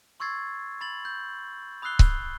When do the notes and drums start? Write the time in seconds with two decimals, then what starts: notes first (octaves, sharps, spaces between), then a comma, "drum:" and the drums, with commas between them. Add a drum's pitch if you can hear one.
0.20 C6 C#6 E6 G#6 A6 C7
0.81 B5 A6 F#7
1.05 G6
1.82 B5 D#6 E6 F#6 C7 G7
1.99 drum: kick C#1